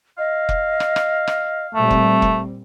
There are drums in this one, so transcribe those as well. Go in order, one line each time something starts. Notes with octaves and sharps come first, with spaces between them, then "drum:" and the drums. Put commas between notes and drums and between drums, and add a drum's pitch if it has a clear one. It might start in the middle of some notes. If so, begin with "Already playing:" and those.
D#5 F5
drum: kick F1
drum: rim click
drum: rim click
drum: rim click
A#2 G3 A3 C4
drum: kick F1
drum: kick F1